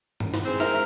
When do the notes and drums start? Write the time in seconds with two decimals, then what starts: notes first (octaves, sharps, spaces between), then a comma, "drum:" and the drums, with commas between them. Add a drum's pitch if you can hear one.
0.20 drum: tom
0.34 drum: snare
0.45 G#3 C4 C5
0.60 A#4 E5, drum: snare